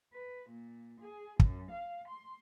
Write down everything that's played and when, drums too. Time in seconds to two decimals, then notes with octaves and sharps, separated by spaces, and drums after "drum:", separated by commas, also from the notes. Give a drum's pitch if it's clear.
0.12 B4
0.50 A#2
1.01 G#4
1.40 F#2, drum: kick
1.71 F5
2.08 C6